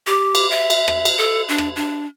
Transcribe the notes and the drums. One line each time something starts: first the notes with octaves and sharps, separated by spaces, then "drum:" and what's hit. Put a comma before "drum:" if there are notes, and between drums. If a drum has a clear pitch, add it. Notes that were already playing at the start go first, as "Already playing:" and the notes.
G4
drum: cymbal
E5
drum: cymbal
drum: rim click
drum: cymbal
A4
D4
drum: rim click
D4